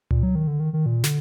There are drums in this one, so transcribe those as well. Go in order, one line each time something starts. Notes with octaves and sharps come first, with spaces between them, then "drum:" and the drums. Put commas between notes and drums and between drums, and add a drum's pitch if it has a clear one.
A#2, drum: tom C#2
F#3
D#3
D3
D#3
D#3
A#2
D3, drum: snare